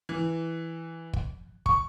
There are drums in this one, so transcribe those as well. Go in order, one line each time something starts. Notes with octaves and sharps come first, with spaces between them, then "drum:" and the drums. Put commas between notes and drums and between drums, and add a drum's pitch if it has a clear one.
E3
drum: kick
C#6, drum: kick